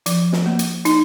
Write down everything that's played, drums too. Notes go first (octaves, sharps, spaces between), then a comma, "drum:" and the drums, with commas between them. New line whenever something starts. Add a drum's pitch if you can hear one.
F3, drum: hi-hat
drum: snare
A#3
drum: hi-hat
D#4, drum: hi-hat